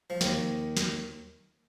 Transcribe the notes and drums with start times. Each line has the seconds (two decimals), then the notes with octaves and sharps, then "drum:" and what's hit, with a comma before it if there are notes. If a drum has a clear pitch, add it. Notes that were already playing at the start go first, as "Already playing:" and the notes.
0.10 F3
0.21 D#2 D#3, drum: snare
0.77 drum: snare